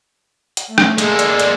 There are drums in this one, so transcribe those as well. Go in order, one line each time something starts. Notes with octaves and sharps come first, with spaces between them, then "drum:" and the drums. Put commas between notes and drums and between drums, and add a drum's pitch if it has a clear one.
drum: hi-hat
A3
drum: rim click
G#3 A#3 G#4 A4 D5 C6, drum: hi-hat
drum: hi-hat
drum: hi-hat